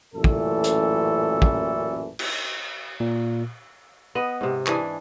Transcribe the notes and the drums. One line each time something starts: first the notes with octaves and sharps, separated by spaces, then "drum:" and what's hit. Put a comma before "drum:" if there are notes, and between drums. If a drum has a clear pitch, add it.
A1 F#2 A#2 E3 A3 A4
drum: kick
drum: hi-hat
drum: kick
drum: cymbal
A#2
B3 D#5
G#2 C3
E3 D4 G#4, drum: clap